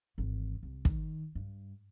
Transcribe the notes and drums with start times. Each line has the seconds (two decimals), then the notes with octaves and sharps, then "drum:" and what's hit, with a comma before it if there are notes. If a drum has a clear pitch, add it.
0.18 G#1 E3
0.63 C2
0.85 D#3, drum: kick
1.35 G2